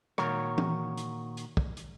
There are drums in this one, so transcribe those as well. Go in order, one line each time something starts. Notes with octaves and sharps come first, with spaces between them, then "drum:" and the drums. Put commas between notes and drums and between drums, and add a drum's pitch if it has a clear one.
A#2 D#3 F#4 A#4 C#5, drum: rim click
drum: tom E3
drum: hi-hat
drum: hi-hat
drum: kick
drum: hi-hat